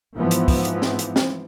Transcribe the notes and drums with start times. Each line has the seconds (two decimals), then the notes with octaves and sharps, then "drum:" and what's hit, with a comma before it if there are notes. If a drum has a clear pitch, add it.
0.14 G#2 E3 F3 B3
0.31 drum: hi-hat
0.48 drum: kick, open hi-hat
0.65 drum: hi-hat
0.82 drum: snare C4
0.99 drum: hi-hat
1.16 drum: snare C4